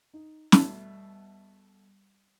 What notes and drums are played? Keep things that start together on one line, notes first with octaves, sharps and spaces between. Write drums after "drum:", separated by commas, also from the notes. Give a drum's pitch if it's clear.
D#4
E2 B2 G3 A3 E5, drum: snare